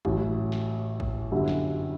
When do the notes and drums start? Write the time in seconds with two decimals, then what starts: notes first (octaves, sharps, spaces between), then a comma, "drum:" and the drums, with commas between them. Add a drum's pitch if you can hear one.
0.05 A1 A2 F#3, drum: kick
0.52 drum: snare
1.00 drum: kick
1.31 G1 F#2 D3 G3
1.48 drum: snare